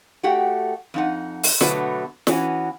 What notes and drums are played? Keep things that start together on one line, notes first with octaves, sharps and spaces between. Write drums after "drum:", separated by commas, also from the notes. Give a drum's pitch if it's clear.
A3 F#4 G4 F#5 G5
F2 D#4 F#5
drum: open hi-hat
B2 D3 F#3 A3 B3 F#4, drum: snare
E3 B3 C#4 F#4, drum: snare